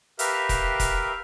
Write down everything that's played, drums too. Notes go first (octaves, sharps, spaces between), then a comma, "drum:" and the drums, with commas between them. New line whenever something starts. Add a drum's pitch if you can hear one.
G4 A#4 B4 E5 F5, drum: hi-hat
drum: kick, hi-hat
drum: kick, hi-hat